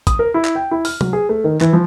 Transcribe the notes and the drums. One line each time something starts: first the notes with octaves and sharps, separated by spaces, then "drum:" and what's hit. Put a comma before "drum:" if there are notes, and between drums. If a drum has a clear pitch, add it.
D#6, drum: kick, hi-hat
A#4
E4
drum: clap
G5
E4
F6, drum: open hi-hat
F#3, drum: tom C3
G#4
A3
D#3
E3, drum: clap
F3